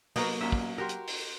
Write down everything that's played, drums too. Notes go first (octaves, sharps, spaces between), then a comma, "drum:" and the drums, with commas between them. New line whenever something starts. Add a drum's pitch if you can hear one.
C2 F#3 A#3 B3 D#4 A#5, drum: open hi-hat
A1 E2 A#2 E5
drum: kick
F#4 G4 A#4 C6
drum: hi-hat
drum: open hi-hat